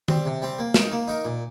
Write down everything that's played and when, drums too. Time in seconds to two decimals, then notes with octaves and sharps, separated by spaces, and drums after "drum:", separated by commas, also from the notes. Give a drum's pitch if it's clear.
0.08 G3 C4, drum: tom D#3
0.26 C3
0.42 G3 C4
0.59 A#3
0.74 D#4 A#4, drum: snare
0.91 A#3
1.08 D#4 A#4
1.25 A#2